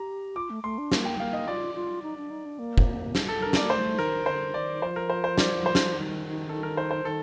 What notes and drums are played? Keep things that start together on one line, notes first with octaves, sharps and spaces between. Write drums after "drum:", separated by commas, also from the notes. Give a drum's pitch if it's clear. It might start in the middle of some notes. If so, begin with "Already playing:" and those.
Already playing: G4 A#5
F4 D6
A3
A3 C6
D4
A#3, drum: snare
G5
A#3 F5
D#5
F4 D5
F4
D#4
D4
D#4
D4
A#3
drum: kick
drum: snare
A4
D4 A#4
C4 D5, drum: snare
A#3
A3 C5
D#3 A#4
D3 C5
D#3 D5
F3 C5
A#4
C5
C5
D5, drum: snare
C5
drum: snare
D#3
A4
A#4
C5
C5
D#3 A4